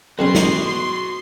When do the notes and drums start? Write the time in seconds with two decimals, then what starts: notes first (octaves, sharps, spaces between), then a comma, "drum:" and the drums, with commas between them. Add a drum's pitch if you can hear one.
0.19 B1 C#3 G3 F#4 B4 C6
0.35 drum: snare